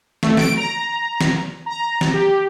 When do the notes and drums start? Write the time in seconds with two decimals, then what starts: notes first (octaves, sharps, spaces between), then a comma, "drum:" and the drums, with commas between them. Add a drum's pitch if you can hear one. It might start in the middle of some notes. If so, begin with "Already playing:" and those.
0.23 A3, drum: snare
0.37 D7, drum: snare
0.56 A#5
1.21 drum: snare
1.66 A#5
2.01 drum: snare
2.13 G4